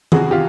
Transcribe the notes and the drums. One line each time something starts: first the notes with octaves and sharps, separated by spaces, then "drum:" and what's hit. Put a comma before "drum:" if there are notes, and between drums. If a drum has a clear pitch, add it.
C3 F#4 G#4, drum: tom D#3
F4 G4